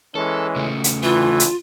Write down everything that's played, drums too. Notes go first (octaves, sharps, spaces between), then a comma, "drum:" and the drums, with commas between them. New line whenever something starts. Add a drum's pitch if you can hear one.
E3 G#3 C#4 A4
C#3 A3
drum: hi-hat
D2 E3 F4
drum: hi-hat